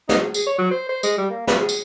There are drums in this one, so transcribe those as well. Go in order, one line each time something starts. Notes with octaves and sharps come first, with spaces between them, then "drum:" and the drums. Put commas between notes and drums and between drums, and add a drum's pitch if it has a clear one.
D#4, drum: snare
G#4
G#4, drum: tambourine
C#5
F#3
C5
C5
G#3, drum: tambourine
G3
A#3
B4, drum: snare
G#4
drum: tambourine